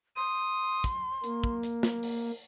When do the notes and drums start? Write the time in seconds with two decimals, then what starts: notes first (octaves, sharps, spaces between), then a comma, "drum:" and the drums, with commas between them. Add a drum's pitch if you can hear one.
0.16 C6 D#6
0.84 drum: kick, hi-hat
1.24 A#3, drum: hi-hat
1.44 drum: kick
1.63 drum: hi-hat
1.83 drum: snare
2.03 drum: open hi-hat